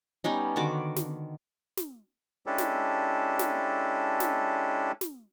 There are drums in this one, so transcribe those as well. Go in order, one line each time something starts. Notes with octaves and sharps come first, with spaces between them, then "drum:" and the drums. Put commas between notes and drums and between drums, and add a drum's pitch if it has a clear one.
G3 B3 C#4 D#4
D3 D#3 F#4 D6
drum: snare
drum: snare
G#3 C#4 D4 E4 G4 A4
drum: snare
drum: snare
drum: snare
drum: snare